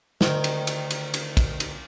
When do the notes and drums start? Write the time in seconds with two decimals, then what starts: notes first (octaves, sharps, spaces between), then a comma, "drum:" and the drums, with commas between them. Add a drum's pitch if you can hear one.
0.21 D2 D#3 A#4 G5, drum: snare
0.44 drum: cymbal
0.67 drum: cymbal
0.90 drum: cymbal
1.14 drum: cymbal
1.37 drum: kick, cymbal
1.60 drum: cymbal